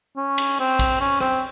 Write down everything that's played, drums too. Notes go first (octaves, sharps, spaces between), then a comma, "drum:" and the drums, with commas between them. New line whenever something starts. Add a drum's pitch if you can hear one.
C#4
drum: cymbal
C4
drum: kick, cymbal
C#4
C4, drum: rim click